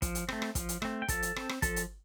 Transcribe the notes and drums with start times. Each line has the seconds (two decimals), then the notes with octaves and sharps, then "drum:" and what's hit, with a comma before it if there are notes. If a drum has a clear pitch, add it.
0.02 F3, drum: kick, hi-hat
0.15 drum: hi-hat
0.29 A3 C4, drum: rim click
0.42 drum: rim click
0.55 F3, drum: kick, hi-hat
0.69 drum: hi-hat
0.82 A3 C4, drum: rim click
1.02 G5
1.08 F3 A4 A5, drum: kick, hi-hat
1.22 drum: hi-hat
1.36 C4, drum: rim click
1.49 drum: rim click
1.62 F3 A4 A5, drum: kick, hi-hat
1.76 drum: hi-hat